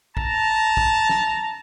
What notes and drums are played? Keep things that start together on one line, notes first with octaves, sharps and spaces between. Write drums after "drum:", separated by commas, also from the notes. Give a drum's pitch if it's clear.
A5 A#5, drum: kick
drum: kick
drum: snare